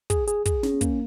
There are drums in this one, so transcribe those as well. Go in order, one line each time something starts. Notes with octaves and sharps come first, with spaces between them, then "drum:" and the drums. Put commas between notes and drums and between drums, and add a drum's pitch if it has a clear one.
G#4, drum: kick, hi-hat
G#4, drum: hi-hat
G#4, drum: kick, hi-hat
C#4, drum: snare
A#3, drum: kick, hi-hat